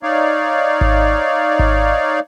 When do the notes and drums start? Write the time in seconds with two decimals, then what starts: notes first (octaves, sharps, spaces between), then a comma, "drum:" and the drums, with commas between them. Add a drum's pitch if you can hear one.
0.03 D#4 C#5 D5 F5
0.81 drum: kick G#1
1.59 drum: kick G#1